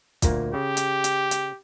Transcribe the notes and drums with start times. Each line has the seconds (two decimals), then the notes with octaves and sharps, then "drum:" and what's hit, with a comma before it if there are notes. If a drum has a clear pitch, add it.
0.22 D2 A#2 A#3, drum: kick, hi-hat
0.54 C#3 G4
0.77 drum: hi-hat
1.04 drum: hi-hat
1.31 drum: hi-hat